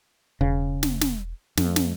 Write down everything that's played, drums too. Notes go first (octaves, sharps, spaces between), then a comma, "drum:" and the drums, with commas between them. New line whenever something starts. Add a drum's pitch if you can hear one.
E1 C#3
drum: snare
drum: snare
F2, drum: snare
drum: snare